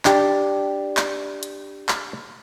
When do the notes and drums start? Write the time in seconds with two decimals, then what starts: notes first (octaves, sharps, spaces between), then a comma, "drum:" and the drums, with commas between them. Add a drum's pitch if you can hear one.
0.05 D4 G4, drum: clap
0.97 drum: clap
1.43 drum: hi-hat
1.89 drum: clap